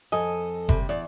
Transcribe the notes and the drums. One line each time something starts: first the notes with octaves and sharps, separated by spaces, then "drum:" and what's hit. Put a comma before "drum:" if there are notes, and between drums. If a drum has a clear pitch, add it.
F2 A4 D#5 G#5
C3 G3, drum: kick F#1
E2 D5